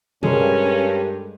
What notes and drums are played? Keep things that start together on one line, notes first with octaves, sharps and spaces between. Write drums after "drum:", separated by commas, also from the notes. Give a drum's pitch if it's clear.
G2 G#3 C#4 A4 A#4, drum: tom A#2